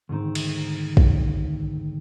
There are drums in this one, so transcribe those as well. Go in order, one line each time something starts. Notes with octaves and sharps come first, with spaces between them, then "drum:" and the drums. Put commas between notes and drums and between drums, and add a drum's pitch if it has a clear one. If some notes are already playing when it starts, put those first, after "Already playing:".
D2 G#2 D#3 C4
drum: cymbal
drum: kick